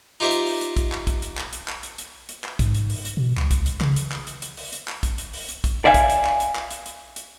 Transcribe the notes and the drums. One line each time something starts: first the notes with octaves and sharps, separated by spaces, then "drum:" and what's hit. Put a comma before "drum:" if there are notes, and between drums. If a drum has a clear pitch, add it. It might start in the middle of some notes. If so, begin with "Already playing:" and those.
D#4 F4 G4 C5 E5 A#5
drum: hi-hat
drum: open hi-hat
drum: hi-hat
drum: kick, hi-hat
drum: clap
drum: kick, hi-hat
drum: hi-hat
drum: clap
drum: hi-hat
drum: clap
drum: hi-hat
drum: hi-hat
drum: hi-hat
drum: clap
G#2, drum: kick, hi-hat
drum: hi-hat
drum: open hi-hat
drum: hi-hat
B2
C#2, drum: clap
drum: kick, hi-hat
drum: hi-hat
C#3, drum: clap
drum: hi-hat
drum: clap
drum: hi-hat
drum: hi-hat
drum: open hi-hat
drum: hi-hat
drum: clap
drum: kick, hi-hat
drum: hi-hat
drum: open hi-hat
drum: hi-hat
drum: kick, hi-hat
D5 E5 F5 G#5
drum: kick, hi-hat
drum: hi-hat
drum: clap
drum: hi-hat
drum: clap
drum: hi-hat
drum: hi-hat
drum: hi-hat